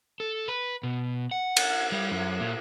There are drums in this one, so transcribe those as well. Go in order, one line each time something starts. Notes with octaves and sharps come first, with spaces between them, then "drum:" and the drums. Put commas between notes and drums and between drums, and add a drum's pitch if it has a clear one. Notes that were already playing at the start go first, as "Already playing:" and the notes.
A4
B4
B2
F#5
drum: cymbal
G3
F#2
A#2